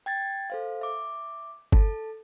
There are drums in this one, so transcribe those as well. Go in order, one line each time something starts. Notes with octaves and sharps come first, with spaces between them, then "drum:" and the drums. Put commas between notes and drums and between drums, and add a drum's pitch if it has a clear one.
G5 G#6 A6
A4 C5 F5
E5 D6
A4 A5, drum: kick G1